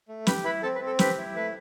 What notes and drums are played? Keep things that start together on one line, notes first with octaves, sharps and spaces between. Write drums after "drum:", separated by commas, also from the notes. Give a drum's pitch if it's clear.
A3
G4 B4 B5, drum: snare
E4 B4 B5
C4 A4 A5
B4
C4 A4
G4 B4, drum: snare
E4
A3 B4